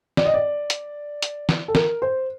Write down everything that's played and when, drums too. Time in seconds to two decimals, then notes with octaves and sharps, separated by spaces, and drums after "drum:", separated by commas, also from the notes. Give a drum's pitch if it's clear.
0.17 D5, drum: snare
0.25 D#5
0.34 D5
0.70 drum: hi-hat
1.22 drum: hi-hat
1.49 drum: snare
1.68 A4
1.75 A#4, drum: snare
2.02 C5